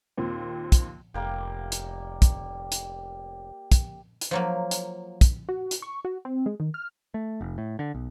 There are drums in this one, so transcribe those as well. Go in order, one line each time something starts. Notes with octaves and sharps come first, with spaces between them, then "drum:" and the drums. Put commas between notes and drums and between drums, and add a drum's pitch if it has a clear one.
D#2 A#2 C4
drum: kick, hi-hat
F1 G3 A#3 G4
drum: hi-hat
drum: kick, hi-hat
drum: hi-hat
drum: kick, hi-hat
drum: hi-hat
F3 F#3 A#3
drum: hi-hat
drum: kick, hi-hat
F#4
drum: hi-hat
C#6
F#4
C4
G#3
D#3
F6
A3
F1
A2
D3
B1